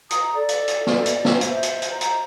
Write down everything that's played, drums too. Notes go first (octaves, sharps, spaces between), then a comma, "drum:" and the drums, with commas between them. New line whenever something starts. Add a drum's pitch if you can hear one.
A#5 D#6, drum: hi-hat
A4 D5
drum: hi-hat
drum: hi-hat
drum: snare
drum: hi-hat
drum: snare
C5 E5, drum: hi-hat
drum: hi-hat
drum: hi-hat
A#5
drum: hi-hat